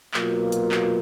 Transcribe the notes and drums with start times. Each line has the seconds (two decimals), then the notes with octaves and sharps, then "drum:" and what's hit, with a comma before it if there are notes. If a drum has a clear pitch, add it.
0.14 B2 F#3 A#3 F4, drum: clap
0.52 drum: hi-hat
0.71 drum: clap